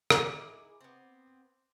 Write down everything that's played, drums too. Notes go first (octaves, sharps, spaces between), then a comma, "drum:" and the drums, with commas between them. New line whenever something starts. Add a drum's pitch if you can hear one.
D#4 E4 G#4 D6 C#7, drum: rim click
B3 C4